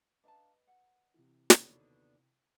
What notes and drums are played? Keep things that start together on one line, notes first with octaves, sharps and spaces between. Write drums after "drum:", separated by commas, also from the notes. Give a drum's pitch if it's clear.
D4 B4 D#5 F5 A5 A#5
F#5
C3 E3
D#2 B2 D3, drum: snare